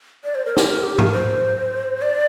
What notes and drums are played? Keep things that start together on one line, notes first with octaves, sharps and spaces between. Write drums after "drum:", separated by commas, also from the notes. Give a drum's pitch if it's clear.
D5
C5
A#4
G4, drum: snare
A#4
G4
A#4, drum: tom G#2
C5
D5